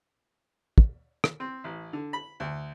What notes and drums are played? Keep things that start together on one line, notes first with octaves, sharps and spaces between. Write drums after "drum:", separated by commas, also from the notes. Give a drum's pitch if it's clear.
drum: kick
drum: rim click
C4
A1
D3
B5
D2